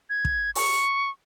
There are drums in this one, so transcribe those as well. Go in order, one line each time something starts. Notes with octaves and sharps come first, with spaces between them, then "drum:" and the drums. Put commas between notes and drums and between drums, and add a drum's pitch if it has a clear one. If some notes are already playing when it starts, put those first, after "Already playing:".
G#6
drum: kick
C#6, drum: open hi-hat